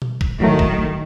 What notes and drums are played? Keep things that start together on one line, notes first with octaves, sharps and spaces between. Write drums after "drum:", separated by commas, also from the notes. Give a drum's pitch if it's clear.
drum: tom B2
drum: kick G#1
A2 D#3 F#3 A3
drum: kick G#1